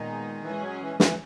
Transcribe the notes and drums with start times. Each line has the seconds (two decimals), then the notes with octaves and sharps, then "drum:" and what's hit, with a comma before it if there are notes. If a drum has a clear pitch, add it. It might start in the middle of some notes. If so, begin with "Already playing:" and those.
Already playing: A#2 D#3 G#3 B3 D#4 G#4
0.43 E3 G#3 C#4 G#4
0.62 F#3
0.81 E3
1.00 E3, drum: snare